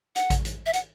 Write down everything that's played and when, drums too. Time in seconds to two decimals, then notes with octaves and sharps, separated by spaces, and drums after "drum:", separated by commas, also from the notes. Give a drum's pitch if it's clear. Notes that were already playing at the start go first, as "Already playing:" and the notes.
0.16 F#5, drum: hi-hat
0.30 drum: kick A1, hi-hat
0.45 drum: hi-hat
0.66 E5
0.73 F#5, drum: hi-hat